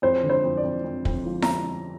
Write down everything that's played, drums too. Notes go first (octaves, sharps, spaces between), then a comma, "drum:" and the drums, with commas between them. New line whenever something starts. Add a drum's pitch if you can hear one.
F2 C5
D3
C5
F2
D5
F2
F2
F2, drum: kick
F3
A#5, drum: snare E4